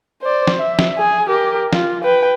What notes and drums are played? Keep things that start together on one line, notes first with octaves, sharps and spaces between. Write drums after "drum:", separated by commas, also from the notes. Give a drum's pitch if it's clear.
C5 D5
drum: snare
E5
drum: snare
G#4
G4 A#4
F4, drum: snare
B4 G5